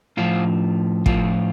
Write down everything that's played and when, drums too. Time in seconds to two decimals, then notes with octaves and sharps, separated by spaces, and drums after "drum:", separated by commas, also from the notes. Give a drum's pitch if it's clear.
0.17 A2 F3 F4
1.06 A2 F3 F4, drum: kick